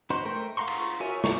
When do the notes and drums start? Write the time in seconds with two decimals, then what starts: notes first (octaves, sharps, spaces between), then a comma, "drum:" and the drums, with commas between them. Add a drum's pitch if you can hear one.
0.10 D#4 F#4 B4 C5
0.25 A3 A#4 C5 G5
0.57 F5 F#5 A#5 C6 C#6
0.68 drum: cymbal
1.00 F#4 A#4 C#5 E5 G#5
1.24 D5 F#5 A5 A#5 C#6, drum: snare